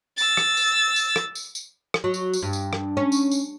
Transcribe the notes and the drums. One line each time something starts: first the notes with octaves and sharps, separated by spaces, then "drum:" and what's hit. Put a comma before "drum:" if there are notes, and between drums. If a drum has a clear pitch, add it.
E6 A6, drum: tambourine
drum: rim click
drum: tambourine
drum: tambourine
drum: rim click
drum: tambourine
drum: tambourine
drum: rim click
F#3
drum: tambourine
drum: tambourine
G2
drum: tambourine
drum: rim click
C#4
drum: tambourine
drum: tambourine